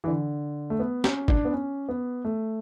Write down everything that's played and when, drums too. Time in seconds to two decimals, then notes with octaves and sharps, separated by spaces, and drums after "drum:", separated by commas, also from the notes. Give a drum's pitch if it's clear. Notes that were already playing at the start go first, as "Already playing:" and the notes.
0.04 E3
0.07 D3
0.70 A3
0.79 B3
1.04 C#4, drum: snare
1.28 D4, drum: kick
1.45 B3
1.53 C#4
1.89 B3
2.25 A3